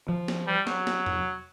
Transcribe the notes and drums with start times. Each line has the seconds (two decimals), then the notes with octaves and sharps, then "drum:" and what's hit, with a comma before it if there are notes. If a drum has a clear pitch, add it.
0.09 F3
0.28 drum: snare
0.48 G3
0.67 F#3, drum: snare
0.87 drum: snare
1.06 drum: tom